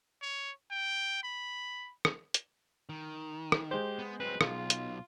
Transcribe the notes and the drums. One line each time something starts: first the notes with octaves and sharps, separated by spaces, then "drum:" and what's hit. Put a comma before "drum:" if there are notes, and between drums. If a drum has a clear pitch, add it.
C#5
G5
B5
drum: rim click
drum: hi-hat
D#3
drum: rim click
G#3 G4 C5
B3
F#3 C4 B4
B1 F4, drum: rim click
drum: hi-hat